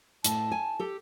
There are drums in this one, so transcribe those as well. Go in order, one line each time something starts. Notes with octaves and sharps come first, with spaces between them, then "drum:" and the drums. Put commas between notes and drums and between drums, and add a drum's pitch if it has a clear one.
A2 A5, drum: hi-hat
G#5
G4 A4